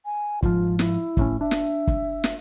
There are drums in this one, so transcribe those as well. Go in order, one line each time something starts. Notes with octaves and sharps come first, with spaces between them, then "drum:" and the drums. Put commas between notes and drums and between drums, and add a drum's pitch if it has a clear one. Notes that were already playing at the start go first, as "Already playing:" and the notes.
G#5
G#2 F3 F4, drum: kick
E4, drum: snare
A#1 A2 C#4, drum: kick
D4 E5
drum: snare
drum: kick
drum: snare